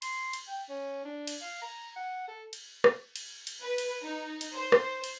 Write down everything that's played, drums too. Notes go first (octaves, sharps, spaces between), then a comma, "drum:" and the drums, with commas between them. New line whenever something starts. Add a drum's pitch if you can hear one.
C6, drum: cymbal
drum: cymbal
G5
C#4
D4
drum: cymbal
F5
A#5
F#5
A4
drum: cymbal
drum: rim click
drum: cymbal
drum: cymbal
B4
drum: cymbal
D#4
drum: cymbal
C5
drum: rim click
drum: cymbal